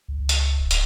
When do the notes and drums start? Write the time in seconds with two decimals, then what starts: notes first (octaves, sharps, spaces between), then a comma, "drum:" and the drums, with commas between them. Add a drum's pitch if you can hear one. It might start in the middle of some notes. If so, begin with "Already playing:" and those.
0.08 C#2
0.29 drum: hi-hat
0.59 D1
0.71 drum: hi-hat